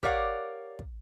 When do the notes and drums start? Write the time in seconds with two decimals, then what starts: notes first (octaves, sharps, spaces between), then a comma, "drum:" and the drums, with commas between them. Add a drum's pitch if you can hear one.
0.03 G4 A#4 C#5 D5 F5 F#5, drum: kick
0.79 drum: kick